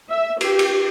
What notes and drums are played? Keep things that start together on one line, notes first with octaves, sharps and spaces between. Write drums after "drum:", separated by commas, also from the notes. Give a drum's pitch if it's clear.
E5
G4, drum: cymbal
drum: cymbal